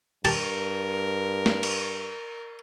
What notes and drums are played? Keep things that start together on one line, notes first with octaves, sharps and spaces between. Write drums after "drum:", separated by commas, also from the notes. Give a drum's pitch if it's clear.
G2 G4 A#4 A5, drum: cymbal
drum: snare
drum: cymbal